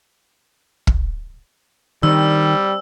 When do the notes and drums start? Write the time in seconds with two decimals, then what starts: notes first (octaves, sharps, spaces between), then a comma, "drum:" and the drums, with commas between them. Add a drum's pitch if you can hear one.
0.87 drum: kick
2.03 D#3 G3 C4 D4 E6